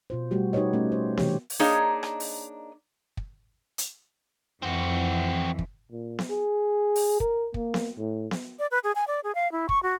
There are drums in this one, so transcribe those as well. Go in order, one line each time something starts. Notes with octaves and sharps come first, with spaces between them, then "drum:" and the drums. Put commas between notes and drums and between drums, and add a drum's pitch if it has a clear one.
B2 F4 C5
G3 A3 F#4 G4
D#4 F#4 G4 B4 C#5 D#5
A3 C#4
C5
C3 E3 G4 C#5, drum: snare B3
drum: open hi-hat
A#3 D4 D#4 G#4 C#5 D#5
drum: rim click
drum: open hi-hat
drum: kick
drum: hi-hat
F2 E3 C4 F#4
drum: kick
A#2
drum: snare B3
G#4
drum: open hi-hat
A#4, drum: kick
A#3, drum: kick
drum: snare B3
A2
drum: snare B3
D5
B4
G#4
G#5
D5
G#4
F5
E4
C#6, drum: kick
F#4